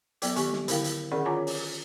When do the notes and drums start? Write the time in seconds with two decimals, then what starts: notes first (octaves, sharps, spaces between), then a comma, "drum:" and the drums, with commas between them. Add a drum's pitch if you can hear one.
0.22 F#3 B3 A4 D5 G5 D6, drum: hi-hat
0.36 D#3 B3 G4 G#5 C#6, drum: hi-hat
0.53 drum: snare
0.68 D3 E4 A#4 F5 G5, drum: hi-hat
0.84 drum: hi-hat
1.11 D#3 C#4 G#4 A#4 D5 F#5
1.25 F4 C#5 G#5 A#5 D6
1.47 drum: open hi-hat